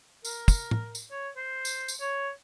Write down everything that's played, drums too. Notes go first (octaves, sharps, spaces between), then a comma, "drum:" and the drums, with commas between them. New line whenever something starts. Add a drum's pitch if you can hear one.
A#4, drum: tambourine
drum: kick, tambourine
drum: tom
drum: tambourine
C#5
C5
drum: tambourine
drum: tambourine
C#5